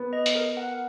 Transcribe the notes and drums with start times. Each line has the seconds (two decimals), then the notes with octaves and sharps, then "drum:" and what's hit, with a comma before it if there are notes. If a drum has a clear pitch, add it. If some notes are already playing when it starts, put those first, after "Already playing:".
Already playing: B3
0.13 D#5
0.26 drum: hi-hat
0.35 A#4
0.57 F#5